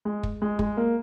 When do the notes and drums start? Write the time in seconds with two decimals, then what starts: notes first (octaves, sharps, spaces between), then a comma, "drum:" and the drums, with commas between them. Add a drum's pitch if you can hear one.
0.05 G#3
0.23 drum: kick
0.42 G#3
0.59 G#3, drum: kick
0.77 A#3